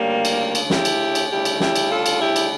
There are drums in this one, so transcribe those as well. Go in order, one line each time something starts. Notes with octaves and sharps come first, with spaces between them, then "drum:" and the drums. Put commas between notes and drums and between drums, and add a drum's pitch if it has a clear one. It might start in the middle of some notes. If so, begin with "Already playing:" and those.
Already playing: D2 C#3 G3 A#3
drum: cymbal
drum: cymbal
E4 G4, drum: snare
drum: cymbal
drum: cymbal
D2 C#3 G3 E4 G4
drum: cymbal
E4 G4, drum: snare
drum: cymbal
F4 A4
drum: cymbal
E4 G4
drum: cymbal